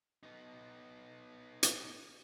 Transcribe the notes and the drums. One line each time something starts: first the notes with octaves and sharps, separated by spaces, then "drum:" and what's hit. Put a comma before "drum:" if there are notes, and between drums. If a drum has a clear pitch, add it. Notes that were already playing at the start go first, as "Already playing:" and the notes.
B3 D#4
drum: hi-hat